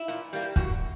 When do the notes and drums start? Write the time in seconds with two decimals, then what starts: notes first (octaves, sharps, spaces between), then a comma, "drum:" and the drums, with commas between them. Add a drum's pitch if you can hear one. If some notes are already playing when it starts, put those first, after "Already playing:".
Already playing: E4
0.08 A#2
0.33 G3 A#3
0.56 F#2 F#4, drum: kick